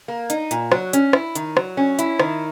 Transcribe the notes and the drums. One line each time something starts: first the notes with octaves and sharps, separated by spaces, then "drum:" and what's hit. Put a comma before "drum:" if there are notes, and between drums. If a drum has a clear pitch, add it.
A#3
D#4, drum: hi-hat
A#2, drum: hi-hat
F#3, drum: rim click
C#4, drum: hi-hat
E4, drum: rim click
D#3, drum: hi-hat
F#3, drum: rim click
C#4
E4, drum: hi-hat
D#3, drum: rim click